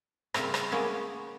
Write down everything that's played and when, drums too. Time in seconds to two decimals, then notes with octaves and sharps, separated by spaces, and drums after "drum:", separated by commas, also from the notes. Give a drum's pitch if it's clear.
0.34 C#3 G3 C4 A#4 E5, drum: rim click
0.54 drum: rim click
0.72 G#3 A#3 B3 C#4